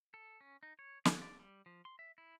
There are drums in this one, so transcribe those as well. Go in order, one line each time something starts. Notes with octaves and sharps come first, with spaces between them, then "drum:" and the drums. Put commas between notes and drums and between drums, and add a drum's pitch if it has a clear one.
A4
C#4
D#4
C#5
G#4, drum: snare
D5
G3
F3
C6
E5
E4